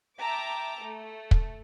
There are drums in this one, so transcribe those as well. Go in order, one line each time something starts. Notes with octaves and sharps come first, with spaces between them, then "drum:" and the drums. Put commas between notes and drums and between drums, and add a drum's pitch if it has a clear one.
E5 G5 A5 A#5 D6
A3
drum: kick